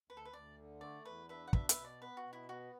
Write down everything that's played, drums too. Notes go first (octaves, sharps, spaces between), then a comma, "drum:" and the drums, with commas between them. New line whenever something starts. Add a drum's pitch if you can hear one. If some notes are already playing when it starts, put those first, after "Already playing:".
D2 B4
A4
B4
D2 D5
D3
A3 D5
E2 B4
D4 B4 E5
F#5
B2 B4 E5, drum: kick
B4 E5, drum: hi-hat
B2
D5
B3 B4
F#4
B2
E4
B3 F#4